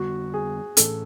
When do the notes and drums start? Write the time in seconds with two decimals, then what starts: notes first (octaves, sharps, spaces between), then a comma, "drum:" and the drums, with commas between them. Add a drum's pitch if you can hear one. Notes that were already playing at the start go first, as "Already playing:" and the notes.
Already playing: F2 D3 G3 B3 F#4
0.34 G#4
0.77 A2 E3 A3 C#4 A4, drum: hi-hat